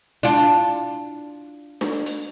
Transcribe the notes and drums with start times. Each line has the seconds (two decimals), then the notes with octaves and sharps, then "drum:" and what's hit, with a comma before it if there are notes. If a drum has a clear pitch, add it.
0.23 D4 F4, drum: hi-hat
1.81 drum: snare D4
2.06 drum: hi-hat